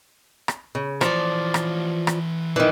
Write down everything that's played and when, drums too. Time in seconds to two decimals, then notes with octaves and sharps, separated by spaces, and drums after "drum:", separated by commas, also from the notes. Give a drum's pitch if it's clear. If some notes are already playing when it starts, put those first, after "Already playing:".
0.48 drum: rim click
0.75 C#3
1.01 E3 F3 C#5 D5, drum: rim click
1.54 drum: rim click
2.07 drum: rim click
2.56 F#2 D#3 E3 D5